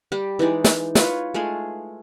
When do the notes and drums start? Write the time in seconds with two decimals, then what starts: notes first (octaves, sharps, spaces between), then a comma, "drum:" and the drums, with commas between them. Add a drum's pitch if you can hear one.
0.12 G3 G4
0.39 E3 G#3 D#4 D5
0.64 drum: snare
0.95 F4 B4 C#5, drum: snare
1.34 G#3 A3 F4 G#4